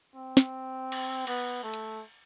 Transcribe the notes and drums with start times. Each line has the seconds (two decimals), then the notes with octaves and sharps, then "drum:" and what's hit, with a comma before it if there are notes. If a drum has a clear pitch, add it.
0.16 C4
0.37 drum: snare
0.92 drum: cymbal
1.27 B3, drum: cymbal
1.63 A3
1.74 drum: hi-hat